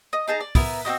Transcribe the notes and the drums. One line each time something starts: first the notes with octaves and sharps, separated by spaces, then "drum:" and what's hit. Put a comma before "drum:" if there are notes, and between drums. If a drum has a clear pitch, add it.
D#5
D#4 G#4 A5 A#5
D5
B3 E4 A#4, drum: kick, open hi-hat
C4 D4 F#4 D#5